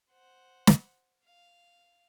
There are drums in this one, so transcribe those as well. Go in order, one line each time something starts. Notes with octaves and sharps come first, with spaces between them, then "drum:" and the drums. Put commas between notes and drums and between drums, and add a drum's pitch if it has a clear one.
C5 F#5
drum: snare
F5